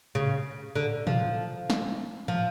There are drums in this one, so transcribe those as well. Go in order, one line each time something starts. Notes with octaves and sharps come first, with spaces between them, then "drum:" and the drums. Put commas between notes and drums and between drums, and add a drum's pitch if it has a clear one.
C#3
D3
F3, drum: tom
drum: snare
F3